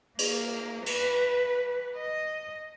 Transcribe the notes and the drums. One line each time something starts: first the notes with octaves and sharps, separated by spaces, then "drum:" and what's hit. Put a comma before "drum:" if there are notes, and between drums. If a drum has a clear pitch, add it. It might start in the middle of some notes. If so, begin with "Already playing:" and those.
A#3, drum: cymbal
B4, drum: cymbal
D#5